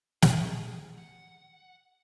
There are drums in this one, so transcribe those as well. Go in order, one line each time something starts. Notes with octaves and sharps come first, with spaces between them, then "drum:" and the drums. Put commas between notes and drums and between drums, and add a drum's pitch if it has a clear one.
G#4, drum: snare
F#5